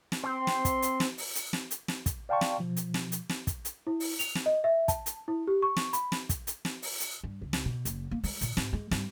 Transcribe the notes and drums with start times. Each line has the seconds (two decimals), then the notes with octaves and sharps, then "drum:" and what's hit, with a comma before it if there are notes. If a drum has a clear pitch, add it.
0.12 drum: snare
0.23 C4 C6
0.47 drum: snare
0.65 drum: kick, hi-hat
0.82 drum: hi-hat
1.00 drum: snare
1.18 drum: open hi-hat
1.35 drum: hi-hat
1.53 drum: snare
1.71 drum: hi-hat
1.88 drum: snare
2.06 drum: kick, hi-hat
2.29 D5 F5 G5 A5 C6 C#6
2.41 drum: snare
2.60 B2 F3
2.76 drum: hi-hat
2.94 drum: snare
3.12 drum: hi-hat
3.29 drum: snare
3.47 drum: kick, hi-hat
3.65 drum: hi-hat
3.87 E4
4.00 drum: open hi-hat
4.19 F7, drum: hi-hat
4.35 drum: snare
4.46 D#5
4.64 E5
4.88 A5, drum: kick, hi-hat
5.06 drum: hi-hat
5.28 E4
5.47 G4
5.62 C#6
5.76 drum: snare
5.93 B5, drum: hi-hat
6.12 drum: snare
6.29 drum: kick, hi-hat
6.47 drum: hi-hat
6.65 drum: snare
6.82 drum: open hi-hat
7.00 drum: hi-hat
7.24 G2
7.42 C#2
7.53 drum: snare
7.65 B2
7.85 F#1, drum: hi-hat
8.11 A#3
8.24 G#3, drum: open hi-hat
8.41 A#2, drum: hi-hat
8.57 G#2, drum: snare
8.73 G#3
8.91 G2, drum: snare